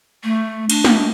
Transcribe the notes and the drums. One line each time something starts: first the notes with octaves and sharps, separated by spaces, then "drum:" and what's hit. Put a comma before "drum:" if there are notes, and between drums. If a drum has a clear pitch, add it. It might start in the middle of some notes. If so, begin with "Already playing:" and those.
A3
D4, drum: cymbal
drum: snare